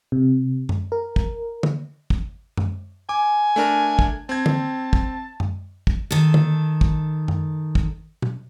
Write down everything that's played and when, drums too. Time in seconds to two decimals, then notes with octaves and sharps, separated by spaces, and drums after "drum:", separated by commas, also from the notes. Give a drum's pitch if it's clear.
0.12 C3
0.69 drum: tom F#2
0.92 A#4
1.16 drum: kick
1.63 drum: tom D3
2.10 drum: kick
2.57 drum: tom F#2
3.09 G#5 D6
3.56 A3 D4 A#4
3.99 drum: kick
4.29 C4 A5 G#6
4.46 drum: tom D3
4.93 drum: kick
5.40 drum: tom F#2
5.87 drum: kick
6.11 D#3 A4
6.34 drum: tom D3
6.81 drum: kick
7.28 drum: tom F#2
7.75 drum: kick
8.22 drum: tom B2